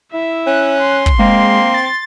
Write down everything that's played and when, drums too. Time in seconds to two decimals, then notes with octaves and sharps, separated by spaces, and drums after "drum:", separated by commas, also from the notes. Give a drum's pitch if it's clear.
0.14 E4 E5
0.47 C#4 F#6
0.80 C6
1.06 drum: kick
1.19 G#3 A#3 C4
1.74 A6